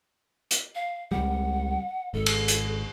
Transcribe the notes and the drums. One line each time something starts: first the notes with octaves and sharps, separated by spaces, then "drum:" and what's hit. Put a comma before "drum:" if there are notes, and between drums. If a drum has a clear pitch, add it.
drum: hi-hat
F5
C#2 G3 F#5
G#1 A4
drum: cymbal
drum: hi-hat